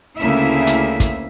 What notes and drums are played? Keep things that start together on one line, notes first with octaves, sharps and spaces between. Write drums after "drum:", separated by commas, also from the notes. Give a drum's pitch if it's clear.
D2 C#3 A3 A#3 E4 E5
drum: hi-hat
drum: kick, hi-hat